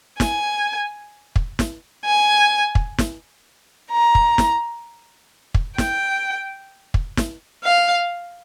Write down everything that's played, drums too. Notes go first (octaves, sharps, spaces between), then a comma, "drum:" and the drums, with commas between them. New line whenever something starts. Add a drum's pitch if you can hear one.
G#5, drum: snare
drum: kick
drum: snare
G#5
drum: kick
drum: snare
A#5
drum: kick
drum: snare
drum: kick
G5, drum: snare
drum: kick
drum: snare
F5